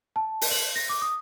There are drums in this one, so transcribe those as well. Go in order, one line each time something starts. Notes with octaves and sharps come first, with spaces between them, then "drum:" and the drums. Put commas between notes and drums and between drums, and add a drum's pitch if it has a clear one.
A5
drum: open hi-hat
F#7
A#6
D6
D#6